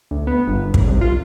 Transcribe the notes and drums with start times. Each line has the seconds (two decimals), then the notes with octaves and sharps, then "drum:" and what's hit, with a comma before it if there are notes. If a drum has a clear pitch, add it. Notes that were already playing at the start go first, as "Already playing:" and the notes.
0.11 D2
0.27 B3
0.48 G1
0.74 G#1, drum: kick
0.88 C2
1.01 F4